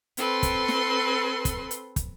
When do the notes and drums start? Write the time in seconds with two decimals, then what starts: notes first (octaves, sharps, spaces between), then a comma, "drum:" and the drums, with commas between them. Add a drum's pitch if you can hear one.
0.17 C4 A4 B4 C6, drum: hi-hat
0.43 drum: kick, hi-hat
0.68 drum: snare
1.45 drum: kick, hi-hat
1.71 drum: hi-hat
1.96 drum: kick, hi-hat